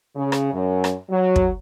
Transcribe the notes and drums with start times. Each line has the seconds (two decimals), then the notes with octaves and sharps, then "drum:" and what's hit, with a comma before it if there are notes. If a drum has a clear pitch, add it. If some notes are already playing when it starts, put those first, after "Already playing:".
0.16 C#3
0.32 drum: rim click
0.53 F#2
0.84 drum: rim click
1.10 F#3
1.36 drum: kick